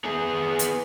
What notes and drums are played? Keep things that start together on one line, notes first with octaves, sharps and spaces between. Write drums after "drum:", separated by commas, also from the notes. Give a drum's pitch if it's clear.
B3 G#4
drum: hi-hat